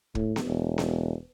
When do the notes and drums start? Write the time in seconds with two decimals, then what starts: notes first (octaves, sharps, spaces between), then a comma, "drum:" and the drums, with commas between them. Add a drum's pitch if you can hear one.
0.15 A2, drum: kick
0.36 drum: snare B3
0.46 E1
0.78 drum: snare B3